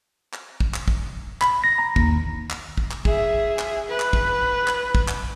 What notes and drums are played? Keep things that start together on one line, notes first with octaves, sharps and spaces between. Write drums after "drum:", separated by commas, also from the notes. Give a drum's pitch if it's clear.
drum: clap
drum: kick
drum: clap
drum: kick
B5, drum: clap
A#6
A#5
D#2, drum: kick
drum: clap
drum: kick
drum: clap
G#4 E5, drum: kick
drum: clap
B4
drum: clap
drum: kick
drum: clap
drum: kick
drum: clap